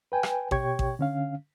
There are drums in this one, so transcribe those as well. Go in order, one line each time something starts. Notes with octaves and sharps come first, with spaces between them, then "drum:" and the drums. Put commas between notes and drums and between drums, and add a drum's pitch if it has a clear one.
B4 G5 G#5
drum: rim click
B2 G4 C#5 G5 C#6 G#6, drum: kick A1
drum: kick A1
D3 C#4 F5